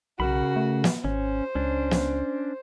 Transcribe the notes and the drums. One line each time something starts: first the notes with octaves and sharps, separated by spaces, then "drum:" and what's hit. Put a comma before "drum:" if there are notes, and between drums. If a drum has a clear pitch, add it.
B1 C#3 F#4 A#4 B5
A3
drum: snare
G#1 C#4 C5
C#2 C#4 D4
drum: snare